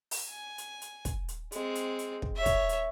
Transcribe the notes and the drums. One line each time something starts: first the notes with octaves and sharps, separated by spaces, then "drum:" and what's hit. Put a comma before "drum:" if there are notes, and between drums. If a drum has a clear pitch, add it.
drum: open hi-hat
G#5
drum: hi-hat
drum: hi-hat
drum: kick, hi-hat
drum: hi-hat
G#3 C4, drum: hi-hat
drum: hi-hat
drum: hi-hat
drum: kick
C#5 E5
drum: kick, hi-hat
drum: hi-hat